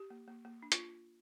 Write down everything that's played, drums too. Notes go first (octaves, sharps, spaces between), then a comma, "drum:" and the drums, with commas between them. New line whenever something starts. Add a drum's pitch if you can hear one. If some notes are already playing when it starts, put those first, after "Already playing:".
Already playing: G4
A#3
A#3
A#3
D4
F4, drum: hi-hat